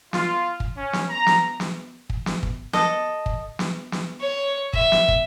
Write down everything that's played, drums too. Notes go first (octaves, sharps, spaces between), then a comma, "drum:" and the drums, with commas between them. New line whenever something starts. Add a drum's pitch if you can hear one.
F4, drum: snare
drum: kick
C#4
drum: snare
A#5
drum: snare
drum: snare
drum: kick
drum: snare
drum: kick
A4 D#5, drum: snare
drum: kick
drum: snare
drum: snare
C#5
E5, drum: kick
drum: snare
drum: kick